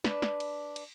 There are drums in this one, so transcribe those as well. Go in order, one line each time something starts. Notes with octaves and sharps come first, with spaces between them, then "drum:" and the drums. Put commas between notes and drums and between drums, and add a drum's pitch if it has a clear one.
D4 B4, drum: snare
drum: snare
drum: cymbal
drum: cymbal